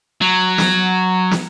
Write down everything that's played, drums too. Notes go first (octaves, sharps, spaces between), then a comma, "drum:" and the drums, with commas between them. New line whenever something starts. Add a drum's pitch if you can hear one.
F#3
drum: snare
drum: snare